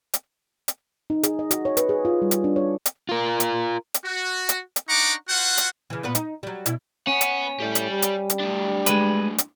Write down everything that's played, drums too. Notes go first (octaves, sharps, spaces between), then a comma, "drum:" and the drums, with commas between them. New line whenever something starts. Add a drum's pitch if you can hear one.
drum: hi-hat
drum: hi-hat
D#4
G#4, drum: hi-hat
D#5
F#4, drum: hi-hat
C#5
B4, drum: hi-hat
G#4
F4
G3
drum: hi-hat
D4
C#5
drum: hi-hat
F4 A#4
drum: hi-hat
drum: hi-hat
F#4
drum: hi-hat
drum: hi-hat
D4 D#4 F#5 A#5 C#6 D6
F4 F#4 C5 F#5
drum: hi-hat
C#3 E3
A#2 B3 B4
D#4, drum: hi-hat
F#3 G3
B2 E4, drum: hi-hat
B3 C#4 F#5
drum: hi-hat
A2 G4 D5
drum: hi-hat
G3
drum: hi-hat
drum: hi-hat
A2 D4
G#3 B4, drum: hi-hat
drum: hi-hat